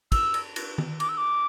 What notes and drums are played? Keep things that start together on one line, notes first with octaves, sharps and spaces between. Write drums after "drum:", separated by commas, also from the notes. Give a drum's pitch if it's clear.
E6, drum: kick, cymbal
drum: cymbal
drum: cymbal
drum: tom D#3
D6, drum: cymbal
E6
D6